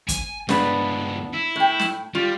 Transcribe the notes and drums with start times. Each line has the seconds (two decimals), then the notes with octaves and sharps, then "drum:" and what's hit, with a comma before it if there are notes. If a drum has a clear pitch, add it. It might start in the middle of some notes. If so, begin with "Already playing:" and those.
0.09 G#5, drum: kick, hi-hat
0.49 C#2 G2 B3 D4 B4, drum: snare
1.34 E4
1.56 A2 G5
1.79 drum: snare
2.15 G3 F4